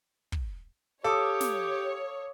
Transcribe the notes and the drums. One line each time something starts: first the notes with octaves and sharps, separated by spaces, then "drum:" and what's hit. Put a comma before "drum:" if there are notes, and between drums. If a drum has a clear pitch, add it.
drum: kick
G4 A4 C#5 F5 D6 D#6
drum: snare